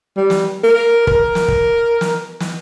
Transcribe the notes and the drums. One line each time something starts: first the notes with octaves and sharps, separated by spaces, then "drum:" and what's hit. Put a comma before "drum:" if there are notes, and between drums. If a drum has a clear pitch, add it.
G3
drum: snare
A#4
A#4, drum: kick
drum: snare
drum: kick
drum: snare
drum: snare